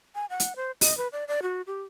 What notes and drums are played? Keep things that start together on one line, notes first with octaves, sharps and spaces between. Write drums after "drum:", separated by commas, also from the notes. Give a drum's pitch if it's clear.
G#5
F#5
drum: hi-hat
C5
D#5, drum: open hi-hat
B4
D5
D5
F#4
G4